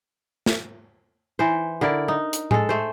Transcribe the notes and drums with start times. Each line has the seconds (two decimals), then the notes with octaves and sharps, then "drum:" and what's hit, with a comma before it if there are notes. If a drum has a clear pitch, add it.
0.46 drum: snare
1.39 E3 C5
1.81 D3 E4 A#4 D5
2.08 D#4
2.33 drum: hi-hat
2.51 G#3 A4, drum: tom A2
2.69 A3 C5